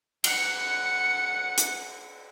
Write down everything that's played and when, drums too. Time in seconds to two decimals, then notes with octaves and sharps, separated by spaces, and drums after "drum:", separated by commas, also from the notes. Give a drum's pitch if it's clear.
0.24 F#5 C#7, drum: cymbal
1.58 drum: hi-hat